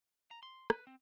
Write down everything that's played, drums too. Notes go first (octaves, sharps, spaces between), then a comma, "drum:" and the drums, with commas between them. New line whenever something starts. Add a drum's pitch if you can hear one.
A#5
C6
B4, drum: rim click
C4